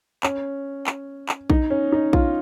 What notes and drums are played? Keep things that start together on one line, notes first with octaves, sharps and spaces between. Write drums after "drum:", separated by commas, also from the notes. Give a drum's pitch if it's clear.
C#4, drum: clap
drum: clap
drum: clap
D#4, drum: kick A#1
C#4
D#4
F4, drum: kick A#1